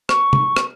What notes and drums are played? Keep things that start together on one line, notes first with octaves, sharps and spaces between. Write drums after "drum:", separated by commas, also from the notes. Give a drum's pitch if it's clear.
C#6, drum: rim click
drum: tom
drum: rim click